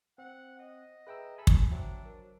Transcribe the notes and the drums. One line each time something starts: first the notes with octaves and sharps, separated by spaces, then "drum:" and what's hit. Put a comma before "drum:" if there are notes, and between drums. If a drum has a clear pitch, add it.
C4 F#5
D#5 F#5
G#4 B4 E5 G5 A#5 E6
A4 G#5 B5 E6
drum: kick
F#3 D4 C5 E5 G5
A#4